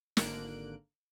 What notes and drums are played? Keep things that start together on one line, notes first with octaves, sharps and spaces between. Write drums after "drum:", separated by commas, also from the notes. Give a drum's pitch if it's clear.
G#1 D3 A#3 A#4 F#6 D7, drum: snare